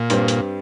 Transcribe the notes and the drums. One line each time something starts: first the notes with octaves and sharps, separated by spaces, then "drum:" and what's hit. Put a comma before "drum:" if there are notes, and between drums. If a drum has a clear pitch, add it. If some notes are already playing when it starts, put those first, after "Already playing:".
Already playing: A#2
G2 G3 C4, drum: hi-hat
drum: hi-hat